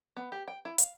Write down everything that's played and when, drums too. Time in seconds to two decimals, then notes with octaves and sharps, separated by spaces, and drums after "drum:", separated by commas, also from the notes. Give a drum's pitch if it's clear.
0.17 B3
0.32 G4
0.48 G5
0.65 E4
0.78 F5, drum: hi-hat